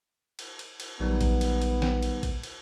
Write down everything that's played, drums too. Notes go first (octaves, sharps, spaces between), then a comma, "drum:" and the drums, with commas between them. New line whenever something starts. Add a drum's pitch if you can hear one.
drum: cymbal
drum: cymbal
drum: cymbal
A#1 D#3 F#3 G3 B3 D#4
drum: kick, cymbal
drum: cymbal
drum: cymbal
drum: snare
drum: cymbal
drum: kick, cymbal
drum: cymbal